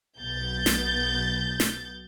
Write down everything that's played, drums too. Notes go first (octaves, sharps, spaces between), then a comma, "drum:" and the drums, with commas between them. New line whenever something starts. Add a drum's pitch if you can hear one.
B1 B3 G6 A6
drum: snare
drum: snare